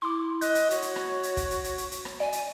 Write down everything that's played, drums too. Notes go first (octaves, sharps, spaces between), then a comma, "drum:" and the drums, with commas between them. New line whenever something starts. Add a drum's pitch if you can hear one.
E4 C6 D6
D#5 F#6, drum: hi-hat
drum: hi-hat
F#4 C#5, drum: hi-hat
drum: hi-hat
drum: rim click
drum: hi-hat
drum: kick, hi-hat
drum: hi-hat
drum: hi-hat
drum: hi-hat
drum: hi-hat
drum: rim click
D5 G#5
drum: hi-hat